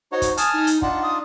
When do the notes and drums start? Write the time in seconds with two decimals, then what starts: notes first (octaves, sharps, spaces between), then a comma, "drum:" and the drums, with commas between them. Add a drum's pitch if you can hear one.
0.12 D#4 F#4 C5 C#5
0.22 drum: kick, hi-hat
0.37 G#5 A5 D#6 F6, drum: hi-hat
0.54 D#4
0.67 drum: hi-hat
0.82 D4 D#4 F4 F#5, drum: kick
1.03 D#6